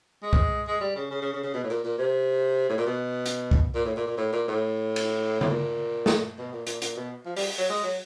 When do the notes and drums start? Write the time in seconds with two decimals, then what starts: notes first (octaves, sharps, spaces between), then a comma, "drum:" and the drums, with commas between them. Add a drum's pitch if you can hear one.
0.23 G#3
0.33 drum: kick C2
0.67 G#3
0.81 G3
0.96 C#3
1.11 C#3
1.22 C#3
1.34 C#3
1.44 C#3
1.54 B2
1.64 A2
1.70 A#2
1.84 A#2
1.98 C3
2.70 A2
2.78 A#2
2.87 B2
3.26 drum: hi-hat
3.51 drum: kick C2
3.75 A#2
3.85 A2
3.97 A#2
4.07 A#2
4.18 A2
4.33 A#2
4.48 A2
4.96 drum: cymbal
5.41 A2, drum: tom C#3
5.50 A#2
6.06 drum: snare A4
6.38 B2
6.53 A#2
6.67 A#2, drum: hi-hat
6.82 A#2, drum: hi-hat
6.97 B2
7.26 F3
7.36 G3, drum: open hi-hat
7.58 F#3
7.70 G#3
7.84 F#3